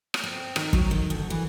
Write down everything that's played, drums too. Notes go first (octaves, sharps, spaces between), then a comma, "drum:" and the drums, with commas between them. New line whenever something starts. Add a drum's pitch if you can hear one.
drum: rim click
C4
D#3, drum: rim click
F#3, drum: kick
D#3
D2
E3